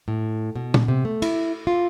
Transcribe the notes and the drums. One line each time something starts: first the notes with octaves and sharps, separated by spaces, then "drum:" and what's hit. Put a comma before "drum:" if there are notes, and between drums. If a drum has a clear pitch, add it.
A2
B2
drum: tom
C3
A3
E4, drum: cymbal
F4